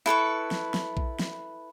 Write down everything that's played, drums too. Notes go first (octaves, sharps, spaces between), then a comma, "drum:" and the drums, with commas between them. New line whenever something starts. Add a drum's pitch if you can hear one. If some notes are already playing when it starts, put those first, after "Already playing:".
E4 A4 B4 C#6
drum: snare
drum: snare
drum: kick A#1
drum: snare